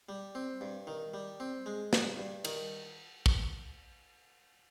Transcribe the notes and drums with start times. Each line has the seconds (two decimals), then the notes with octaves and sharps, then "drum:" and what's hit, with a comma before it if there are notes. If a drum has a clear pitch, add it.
0.09 G3
0.35 C4
0.61 G2
0.87 D#3
1.14 G3
1.40 C4
1.66 G#3
1.93 G2, drum: snare
2.19 G2
2.45 D#3, drum: cymbal
3.26 drum: kick